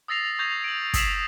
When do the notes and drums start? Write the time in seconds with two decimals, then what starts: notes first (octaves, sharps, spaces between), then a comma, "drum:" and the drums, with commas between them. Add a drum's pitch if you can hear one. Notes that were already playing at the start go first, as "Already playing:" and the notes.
0.08 D#6 E6 A6 A#6 C7 F7
0.39 C#6 G6 G#6 A#6 F7
0.64 D7 F#7
0.94 D#6 E6 B6 C7 E7 F#7, drum: kick, hi-hat